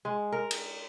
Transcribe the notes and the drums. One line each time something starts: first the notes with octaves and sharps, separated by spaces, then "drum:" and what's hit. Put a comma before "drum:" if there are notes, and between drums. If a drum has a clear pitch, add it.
G#3
A#4
drum: cymbal